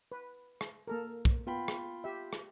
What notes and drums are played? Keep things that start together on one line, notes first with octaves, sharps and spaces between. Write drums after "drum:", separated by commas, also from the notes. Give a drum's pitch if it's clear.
B4
drum: rim click
A#3 A4 A#4
drum: kick
B3 F4 G5 B5
drum: rim click
G4 E5
drum: rim click